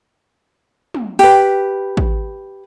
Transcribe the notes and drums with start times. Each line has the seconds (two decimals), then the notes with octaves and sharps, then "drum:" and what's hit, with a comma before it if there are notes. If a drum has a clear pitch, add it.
0.94 drum: tom
1.19 G4 B4, drum: open hi-hat
1.97 drum: kick